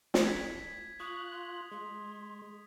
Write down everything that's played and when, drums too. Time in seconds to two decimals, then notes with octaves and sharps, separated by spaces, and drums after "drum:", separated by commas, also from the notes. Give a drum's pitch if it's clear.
0.14 drum: snare
0.24 G#6 B6
1.00 F4 C#6 D#6 F#6
1.31 C6
1.71 G#3 C6